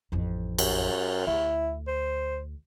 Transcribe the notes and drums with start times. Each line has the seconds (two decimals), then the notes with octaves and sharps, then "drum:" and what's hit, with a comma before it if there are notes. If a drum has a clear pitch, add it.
0.12 A1 F2
0.58 F#2, drum: cymbal
1.27 D2 E4
1.87 C5